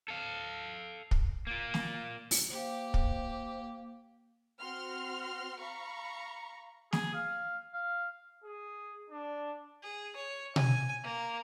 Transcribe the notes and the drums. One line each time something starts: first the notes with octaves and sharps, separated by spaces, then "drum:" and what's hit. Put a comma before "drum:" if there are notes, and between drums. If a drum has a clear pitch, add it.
A4 F5
drum: kick
A#3 F4
drum: snare
drum: open hi-hat
A#3 G4 C5
drum: kick
C4 F#4 C6 F6
F5 A#5 B5 C#6
G#4, drum: snare
F5
F5
G#4
D4
G#4
C#5
G#5, drum: tom B2
A#3